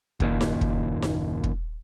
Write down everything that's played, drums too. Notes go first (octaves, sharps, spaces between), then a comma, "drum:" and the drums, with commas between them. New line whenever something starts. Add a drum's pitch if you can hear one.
F#1 D#2 A#2, drum: kick
drum: snare D#4
drum: kick
drum: snare D#4
drum: kick